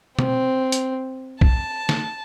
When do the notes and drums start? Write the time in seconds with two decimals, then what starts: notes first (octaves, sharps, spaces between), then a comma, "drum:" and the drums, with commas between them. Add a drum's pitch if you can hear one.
0.19 C4, drum: tom B2
0.72 drum: hi-hat
1.41 A5, drum: kick
1.89 drum: snare